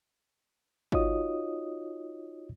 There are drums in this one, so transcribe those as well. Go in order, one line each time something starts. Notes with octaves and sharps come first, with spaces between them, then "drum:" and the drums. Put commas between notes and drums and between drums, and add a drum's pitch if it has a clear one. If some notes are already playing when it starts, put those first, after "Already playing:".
D#4 F4 F#4 C#5 D#5 D#6, drum: kick G1